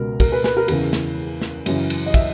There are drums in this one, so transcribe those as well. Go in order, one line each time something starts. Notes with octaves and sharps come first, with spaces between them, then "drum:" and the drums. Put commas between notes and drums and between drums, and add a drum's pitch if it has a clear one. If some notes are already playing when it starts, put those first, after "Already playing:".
Already playing: C#2 B2 A#4
A#4, drum: kick, cymbal
B4
B4, drum: snare
A#4
E2 C#3 E3 A#4, drum: cymbal
drum: snare
drum: snare
F#2 C#3 E3, drum: cymbal
drum: cymbal
D#5
E5, drum: kick, cymbal